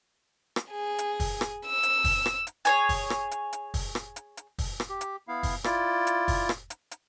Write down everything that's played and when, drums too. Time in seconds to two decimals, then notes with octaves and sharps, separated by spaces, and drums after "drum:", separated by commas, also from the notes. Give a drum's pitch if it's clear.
0.56 drum: rim click
0.70 G#4
0.99 drum: hi-hat
1.20 drum: kick, open hi-hat
1.41 drum: rim click
1.67 E6
1.83 drum: hi-hat
2.04 drum: kick, open hi-hat
2.26 drum: rim click
2.47 drum: hi-hat
2.65 G#4 C#5 G#5, drum: hi-hat
2.89 drum: kick, open hi-hat
3.10 drum: rim click
3.31 drum: hi-hat
3.53 drum: hi-hat
3.74 drum: kick, open hi-hat
3.95 drum: rim click
4.16 drum: hi-hat
4.37 drum: hi-hat
4.58 drum: kick, open hi-hat
4.80 drum: rim click
4.89 G4
5.01 drum: hi-hat
5.28 B3 E4 F5
5.43 drum: kick, open hi-hat
5.64 E4 F4 D5, drum: rim click
6.07 drum: hi-hat
6.28 drum: kick, open hi-hat
6.49 drum: rim click
6.70 drum: hi-hat
6.91 drum: hi-hat